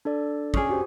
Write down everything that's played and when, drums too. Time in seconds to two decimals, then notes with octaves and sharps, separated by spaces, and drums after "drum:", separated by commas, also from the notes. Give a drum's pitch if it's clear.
0.05 D4 A4 D5
0.54 C#4 D4 G#4 D#6, drum: kick
0.69 F#4 G4 C5